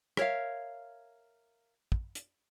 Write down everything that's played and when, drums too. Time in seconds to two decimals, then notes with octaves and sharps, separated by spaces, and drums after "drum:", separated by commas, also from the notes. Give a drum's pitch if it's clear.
0.17 A#4 C#5 E5 F5, drum: rim click
1.92 drum: kick
2.15 drum: hi-hat